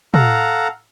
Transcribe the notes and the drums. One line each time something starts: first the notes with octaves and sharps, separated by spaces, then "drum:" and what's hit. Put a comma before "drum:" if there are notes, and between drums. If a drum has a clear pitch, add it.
A4 F5 F#5 A#5, drum: tom